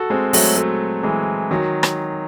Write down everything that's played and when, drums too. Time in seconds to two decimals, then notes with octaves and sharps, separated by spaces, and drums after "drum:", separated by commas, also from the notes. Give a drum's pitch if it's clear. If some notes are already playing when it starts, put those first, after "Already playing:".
Already playing: F#4 A4
0.10 G#3 C4
0.33 F#3 A3, drum: open hi-hat
0.57 F#3 A3
1.03 E3 G#3
1.51 D#3 F#3
1.83 drum: rim click